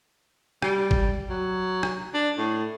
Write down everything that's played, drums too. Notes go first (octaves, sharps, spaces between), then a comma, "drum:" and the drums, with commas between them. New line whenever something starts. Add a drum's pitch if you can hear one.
G3, drum: rim click
drum: kick G#1
F#3
drum: rim click
D4
A2